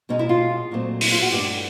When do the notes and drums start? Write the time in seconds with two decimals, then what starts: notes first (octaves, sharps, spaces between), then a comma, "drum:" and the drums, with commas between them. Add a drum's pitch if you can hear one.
0.09 B2 G#3 C#4 D#4
0.19 E4
0.29 F4
0.71 A#2 F#3 A3 C4
1.01 E4, drum: open hi-hat
1.12 F4
1.22 F#4
1.32 G2 E3 A3 G4